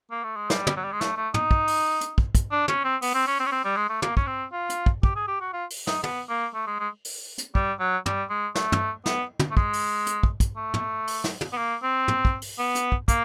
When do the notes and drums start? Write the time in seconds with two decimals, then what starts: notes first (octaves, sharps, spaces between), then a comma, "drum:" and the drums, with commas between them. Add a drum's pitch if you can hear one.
0.11 A#3
0.24 A3
0.36 G#3
0.50 G3, drum: snare
0.67 drum: tom
0.77 F#3
0.84 G3
0.92 G#3
1.01 A3, drum: snare
1.17 A3
1.34 D#4, drum: tom
1.51 drum: kick
1.67 drum: open hi-hat
2.01 drum: hi-hat
2.18 drum: kick
2.35 drum: kick, hi-hat
2.51 D4
2.68 C#4, drum: tom
2.85 C4
3.02 B3, drum: open hi-hat
3.14 C4
3.27 C#4
3.40 C4
3.46 C#4
3.52 C4
3.65 G3
3.77 G#3
3.90 A3
4.02 A#3, drum: tom
4.17 C#4, drum: kick
4.27 C4
4.52 F4
4.70 drum: hi-hat
4.86 drum: kick
5.03 G4, drum: kick
5.16 G#4
5.28 G4
5.41 F#4
5.53 F4
5.70 drum: open hi-hat
5.87 D#4, drum: snare
6.03 B3, drum: tom
6.29 A#3
6.54 A3
6.67 G#3
6.80 G#3
7.05 drum: open hi-hat
7.38 drum: hi-hat
7.55 G3, drum: kick
7.80 F#3
8.06 G3, drum: tom
8.30 G#3
8.55 A3, drum: snare
8.72 drum: tom
9.06 B3, drum: snare
9.39 drum: tom
9.51 A3
9.57 G#3, drum: kick
9.73 drum: open hi-hat
10.07 drum: hi-hat
10.23 drum: kick
10.40 drum: kick, hi-hat
10.57 A3
10.74 drum: tom
11.07 drum: open hi-hat
11.24 drum: snare
11.41 drum: tom
11.53 B3
11.58 A#3
11.83 C4
12.08 drum: tom
12.25 drum: kick
12.42 drum: open hi-hat
12.59 B3
12.75 drum: hi-hat
12.92 drum: kick
13.08 A#3, drum: kick, hi-hat